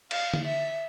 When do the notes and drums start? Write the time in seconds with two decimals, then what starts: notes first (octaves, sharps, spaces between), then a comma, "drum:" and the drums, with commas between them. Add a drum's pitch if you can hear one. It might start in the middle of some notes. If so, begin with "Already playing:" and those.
0.11 F5, drum: cymbal
0.34 drum: tom D3
0.45 E5